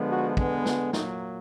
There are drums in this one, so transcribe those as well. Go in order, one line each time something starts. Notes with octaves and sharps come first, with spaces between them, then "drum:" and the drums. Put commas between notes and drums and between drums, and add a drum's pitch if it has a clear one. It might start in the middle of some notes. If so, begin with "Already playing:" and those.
Already playing: D3 F3 G#3 B3
F#4
D3 G#3 B3, drum: kick
F4, drum: snare
A#2 F#3 A#3 D#4, drum: snare